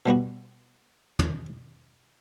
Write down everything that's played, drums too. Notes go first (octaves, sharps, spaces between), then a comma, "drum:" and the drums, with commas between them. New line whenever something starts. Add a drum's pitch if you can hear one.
B2 G3 B3 F#4
drum: tom